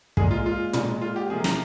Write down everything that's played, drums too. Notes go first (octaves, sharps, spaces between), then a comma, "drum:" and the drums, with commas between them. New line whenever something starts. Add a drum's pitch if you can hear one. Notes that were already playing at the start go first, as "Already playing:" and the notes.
A#2 G#3 G#4, drum: kick
F4
F4
A#2 G#3, drum: tom
F4
G4
C3 F3 A#3 G#4
drum: snare